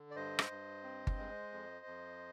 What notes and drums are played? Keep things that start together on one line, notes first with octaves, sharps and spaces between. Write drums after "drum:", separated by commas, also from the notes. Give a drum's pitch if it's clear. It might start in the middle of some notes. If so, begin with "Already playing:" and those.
Already playing: D3
D5
G2 C5 D#5
drum: rim click
G2
C4
drum: kick G1
G#3
F2
F2